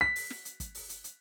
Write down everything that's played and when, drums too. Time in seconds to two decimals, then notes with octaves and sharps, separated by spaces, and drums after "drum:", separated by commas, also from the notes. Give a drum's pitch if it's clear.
0.01 B6
0.16 drum: open hi-hat
0.30 drum: snare
0.45 drum: hi-hat
0.60 drum: kick, hi-hat
0.75 drum: open hi-hat
0.89 drum: hi-hat
1.04 drum: hi-hat